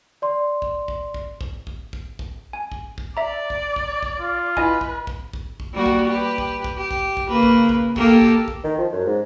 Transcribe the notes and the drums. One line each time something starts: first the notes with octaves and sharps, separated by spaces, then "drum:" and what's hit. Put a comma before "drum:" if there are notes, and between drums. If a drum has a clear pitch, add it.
D5 C6
drum: kick
drum: kick
drum: kick
drum: kick
drum: kick
drum: kick
drum: kick
G#5
drum: kick
drum: kick
D5 E5 A#5
drum: kick
drum: kick
drum: kick
F4
E4 B4 D#5 G#5, drum: kick
drum: kick
drum: kick
drum: kick
drum: kick
G3 A#3 F#4
drum: kick
G4 B4
drum: kick
drum: kick
G4
drum: kick
drum: kick
C#3 A#3 B4
drum: kick
drum: kick
A#3 G4 A4, drum: kick
drum: kick
drum: kick
D#3
F3
F#2
G#2